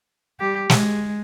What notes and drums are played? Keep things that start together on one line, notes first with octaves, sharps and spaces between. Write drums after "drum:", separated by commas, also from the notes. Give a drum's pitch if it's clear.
G3 G4
G#3, drum: snare